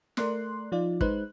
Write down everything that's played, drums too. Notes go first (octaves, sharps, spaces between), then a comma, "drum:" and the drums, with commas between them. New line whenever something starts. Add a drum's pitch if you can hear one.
A3 A#4 D5 C6 F#6, drum: snare
F3 D#4 F4 D5
G#3 D#4 B4 C5 F#6, drum: kick